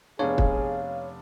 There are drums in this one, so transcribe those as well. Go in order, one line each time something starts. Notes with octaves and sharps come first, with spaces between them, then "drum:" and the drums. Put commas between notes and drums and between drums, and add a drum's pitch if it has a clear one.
F1 B3 D4 G#4 C#5 F5
drum: kick